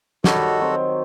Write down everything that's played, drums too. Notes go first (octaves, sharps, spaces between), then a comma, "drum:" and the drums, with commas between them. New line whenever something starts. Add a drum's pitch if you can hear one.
D#3 G3 F#4 A4 C#5, drum: snare
F#3 C4